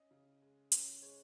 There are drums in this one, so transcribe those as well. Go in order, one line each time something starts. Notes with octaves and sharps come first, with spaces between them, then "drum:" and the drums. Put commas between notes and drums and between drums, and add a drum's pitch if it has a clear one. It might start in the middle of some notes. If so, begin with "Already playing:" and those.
Already playing: C#4 D#5
C#3
G#3
C#4, drum: hi-hat
G#3 C#5